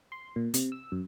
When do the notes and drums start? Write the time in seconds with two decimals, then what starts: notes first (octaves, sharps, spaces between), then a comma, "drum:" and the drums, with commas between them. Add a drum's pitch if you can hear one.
0.12 C6
0.36 A#2
0.54 C3, drum: hi-hat
0.72 E6
0.92 F#2